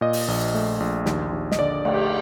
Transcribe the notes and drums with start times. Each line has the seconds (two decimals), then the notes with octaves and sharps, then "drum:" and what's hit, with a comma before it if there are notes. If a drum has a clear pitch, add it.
0.01 A#2 D#5
0.13 drum: open hi-hat
0.28 A#1
0.55 A3
0.80 A#1
1.06 D#2, drum: snare
1.33 D#2
1.52 D#5, drum: snare
1.59 D3 D5
1.85 A3, drum: cymbal
1.94 G4